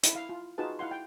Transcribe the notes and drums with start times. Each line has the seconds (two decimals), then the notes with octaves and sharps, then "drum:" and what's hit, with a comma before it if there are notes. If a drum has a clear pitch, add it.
0.03 E4 E5 E6, drum: hi-hat
0.15 E4 F5
0.29 F4
0.58 D#4 F4 F#4 G#4 B4 A5
0.79 E4 F5 F#5 C6
0.91 G5